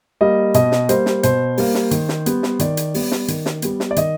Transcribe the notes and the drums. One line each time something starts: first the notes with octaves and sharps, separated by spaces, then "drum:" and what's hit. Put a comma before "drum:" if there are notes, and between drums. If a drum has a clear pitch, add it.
G3 A#3 D#5
B2 D#5, drum: hi-hat
drum: snare
G3 A#3 C5, drum: hi-hat
drum: snare
B2 C5, drum: hi-hat
G3 A#3, drum: open hi-hat
drum: snare
D#3, drum: hi-hat
drum: snare
G3 B3, drum: hi-hat
drum: snare
D#3 D5, drum: hi-hat
drum: hi-hat
G3 B3, drum: open hi-hat
drum: snare
D#3, drum: hi-hat
drum: snare
G3 B3, drum: hi-hat
drum: snare
D5
D#3 D#5, drum: hi-hat